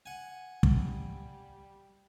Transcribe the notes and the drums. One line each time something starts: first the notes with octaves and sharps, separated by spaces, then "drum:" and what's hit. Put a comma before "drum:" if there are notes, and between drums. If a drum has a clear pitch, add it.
F#5 G#5
G3, drum: kick